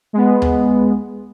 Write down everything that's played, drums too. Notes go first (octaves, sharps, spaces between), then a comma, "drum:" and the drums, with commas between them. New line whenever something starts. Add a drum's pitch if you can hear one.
G#3 B3
drum: tom D2